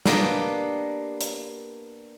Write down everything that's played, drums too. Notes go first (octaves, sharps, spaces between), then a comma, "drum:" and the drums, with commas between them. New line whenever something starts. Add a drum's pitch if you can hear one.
A#3 B3 D4 G4 D#5, drum: snare
drum: hi-hat